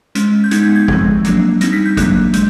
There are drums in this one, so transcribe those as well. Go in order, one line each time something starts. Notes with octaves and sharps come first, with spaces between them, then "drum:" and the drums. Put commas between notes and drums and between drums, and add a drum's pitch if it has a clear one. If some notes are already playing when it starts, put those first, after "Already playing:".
G#3 C#4, drum: hi-hat
G6
G#3 B3 D#4 G#6, drum: hi-hat
G6
G#6
F3 G#3 C4, drum: kick G#1
F#3 A#3 D4, drum: hi-hat
G3 C4 D#4 A#6, drum: hi-hat
B6
G6
F#3 A#3 D4 F#6, drum: kick G#1, hi-hat
G#3 G6, drum: hi-hat